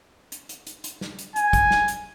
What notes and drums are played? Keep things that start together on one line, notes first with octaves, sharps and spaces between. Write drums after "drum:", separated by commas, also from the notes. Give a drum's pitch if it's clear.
drum: hi-hat
drum: hi-hat
drum: hi-hat
drum: hi-hat
drum: snare
drum: hi-hat
G#5, drum: hi-hat
drum: kick, hi-hat
drum: snare
drum: hi-hat